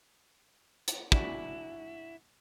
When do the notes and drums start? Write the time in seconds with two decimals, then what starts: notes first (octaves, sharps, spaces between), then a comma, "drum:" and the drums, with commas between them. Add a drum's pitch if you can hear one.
0.88 drum: hi-hat
1.12 G#2 D4 E4 F#4, drum: kick